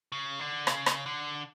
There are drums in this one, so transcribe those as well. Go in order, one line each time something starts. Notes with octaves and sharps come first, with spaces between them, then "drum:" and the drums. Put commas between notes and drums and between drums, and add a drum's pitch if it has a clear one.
C#3
D3
C#3, drum: rim click
drum: rim click
D3